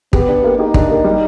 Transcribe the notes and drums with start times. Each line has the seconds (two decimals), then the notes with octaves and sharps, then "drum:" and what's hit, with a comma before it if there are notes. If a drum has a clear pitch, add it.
0.13 B3 G4, drum: kick
0.29 D4
0.44 A#3
0.59 D#4 G4
0.74 D4, drum: kick
0.90 A#3
1.04 G3